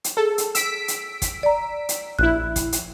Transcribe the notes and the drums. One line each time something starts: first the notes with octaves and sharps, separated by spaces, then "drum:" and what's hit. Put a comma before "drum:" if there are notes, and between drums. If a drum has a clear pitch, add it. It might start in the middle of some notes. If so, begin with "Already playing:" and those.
drum: hi-hat
G#4 A4
drum: hi-hat
E6 B6 D7, drum: hi-hat
drum: hi-hat
drum: kick, hi-hat
D5 A#5
drum: hi-hat
A#1 E4 F#6
drum: kick, hi-hat
drum: hi-hat